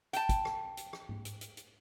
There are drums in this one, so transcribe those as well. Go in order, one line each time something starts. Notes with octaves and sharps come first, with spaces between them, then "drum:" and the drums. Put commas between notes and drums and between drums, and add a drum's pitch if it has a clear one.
G5 A5, drum: hi-hat
drum: kick, hi-hat
drum: rim click
drum: hi-hat
drum: rim click
drum: tom G#2
drum: hi-hat
drum: hi-hat
drum: hi-hat